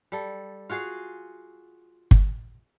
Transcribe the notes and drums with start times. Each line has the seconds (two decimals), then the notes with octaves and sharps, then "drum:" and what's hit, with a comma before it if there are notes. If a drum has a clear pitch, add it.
0.12 G3 A4
0.70 F4 F#4 G#4 F5
2.11 drum: kick G1